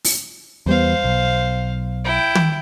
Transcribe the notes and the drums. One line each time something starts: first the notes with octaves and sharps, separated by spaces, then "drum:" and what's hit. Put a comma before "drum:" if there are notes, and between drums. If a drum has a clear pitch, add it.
drum: open hi-hat
E2 G3 B3 C5 F5
B1
E4 G5
drum: tom